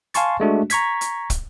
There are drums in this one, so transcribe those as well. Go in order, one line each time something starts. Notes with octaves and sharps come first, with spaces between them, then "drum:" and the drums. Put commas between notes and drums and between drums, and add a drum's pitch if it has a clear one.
F5 G#5 A5 C6 C#6 A6, drum: hi-hat
G#3 A3 D4 F#4
A#5 C#6 G#6 B6, drum: hi-hat
drum: hi-hat
drum: kick, hi-hat